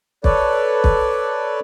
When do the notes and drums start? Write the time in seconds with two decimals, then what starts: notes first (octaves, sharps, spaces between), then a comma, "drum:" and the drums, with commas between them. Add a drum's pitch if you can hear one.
0.24 A4 B4 C#5 D5, drum: kick
0.84 drum: kick